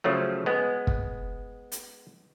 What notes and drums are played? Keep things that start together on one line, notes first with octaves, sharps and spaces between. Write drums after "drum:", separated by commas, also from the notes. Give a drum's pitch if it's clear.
C#3 F3 F#3 A3
G#3 B3
drum: kick
drum: hi-hat